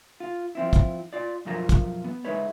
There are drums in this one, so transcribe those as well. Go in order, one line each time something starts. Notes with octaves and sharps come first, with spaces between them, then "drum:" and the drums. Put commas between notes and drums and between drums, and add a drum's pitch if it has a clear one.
F4
F3 C4 E4
drum: kick, hi-hat
F4 D5
B1 F#2 F3 F4 A#4 A#5
drum: kick, hi-hat
B3
G#3 D#4 E4 B4 C#5